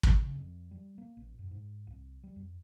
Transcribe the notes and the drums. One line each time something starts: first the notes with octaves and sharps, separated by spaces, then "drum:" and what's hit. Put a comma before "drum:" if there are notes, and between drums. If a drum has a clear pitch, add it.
drum: kick
C#3
F2
G3
A#3
A1
F#2
G#2
C2
G3
F2